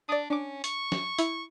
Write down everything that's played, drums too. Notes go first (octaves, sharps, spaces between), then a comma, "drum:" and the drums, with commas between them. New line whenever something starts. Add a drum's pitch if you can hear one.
D4 D5 D#6
C#4 D4 D6
C#6, drum: hi-hat
drum: snare
E4, drum: hi-hat